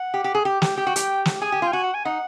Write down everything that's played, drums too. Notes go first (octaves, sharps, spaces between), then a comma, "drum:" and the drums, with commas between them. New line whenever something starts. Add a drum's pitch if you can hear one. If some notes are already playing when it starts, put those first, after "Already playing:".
Already playing: F#5
G4
G4
G#4
G4
G4, drum: snare
G4 G5
F#4
G4, drum: hi-hat
drum: snare
G#4 G#5
G4
F4
G5
F#4 G#5
F#5
G#5
D#4 F#5